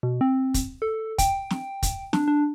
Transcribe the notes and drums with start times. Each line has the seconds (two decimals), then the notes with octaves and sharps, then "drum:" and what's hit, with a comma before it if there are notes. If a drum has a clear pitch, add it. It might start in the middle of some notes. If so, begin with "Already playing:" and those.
0.03 B2
0.21 C4
0.54 drum: kick, hi-hat
0.82 A4
1.18 G5, drum: kick, hi-hat
1.50 drum: snare
1.83 drum: kick, hi-hat
2.13 D4, drum: snare
2.28 D4